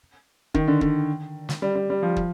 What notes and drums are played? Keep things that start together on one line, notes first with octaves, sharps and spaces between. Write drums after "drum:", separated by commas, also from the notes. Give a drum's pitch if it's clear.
D#3, drum: kick
D3
D3, drum: kick
drum: snare
G3
G3
G3
F3
drum: kick